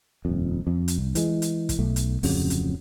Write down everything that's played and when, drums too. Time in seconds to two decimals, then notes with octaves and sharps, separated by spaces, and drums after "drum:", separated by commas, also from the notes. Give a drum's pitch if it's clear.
0.25 D#1 F2
0.67 F2
0.88 drum: hi-hat
0.98 C2
1.15 E3 G#3, drum: hi-hat
1.42 drum: hi-hat
1.69 drum: kick, hi-hat
1.79 B1 A3
1.96 drum: hi-hat
2.23 D1 F2 C#3 F#3, drum: open hi-hat
2.50 drum: hi-hat